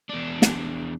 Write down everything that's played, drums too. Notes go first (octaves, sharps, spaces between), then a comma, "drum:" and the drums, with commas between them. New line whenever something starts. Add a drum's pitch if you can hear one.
E2 D4
drum: snare